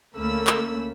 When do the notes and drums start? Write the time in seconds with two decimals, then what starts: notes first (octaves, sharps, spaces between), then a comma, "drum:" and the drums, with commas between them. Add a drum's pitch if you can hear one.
0.16 D2 A3 A#3 C#4 B5 E6
0.47 drum: clap